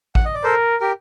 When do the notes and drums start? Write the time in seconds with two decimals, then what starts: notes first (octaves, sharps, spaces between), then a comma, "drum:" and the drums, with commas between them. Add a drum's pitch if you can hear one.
0.15 F#5, drum: kick A1
0.25 D#5
0.35 D5
0.44 A4 A#4 C5
0.80 G4 A#4